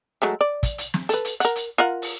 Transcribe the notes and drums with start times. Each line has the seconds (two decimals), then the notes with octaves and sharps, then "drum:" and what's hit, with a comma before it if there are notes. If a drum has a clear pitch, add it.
0.22 F#3 G#3 A3
0.41 D5
0.63 drum: kick, hi-hat
0.78 drum: hi-hat
0.94 drum: snare
1.09 A4 B4, drum: hi-hat
1.25 drum: hi-hat
1.40 A#4 F#5, drum: hi-hat
1.56 drum: hi-hat
1.78 F4 A#4 F#5
2.02 drum: open hi-hat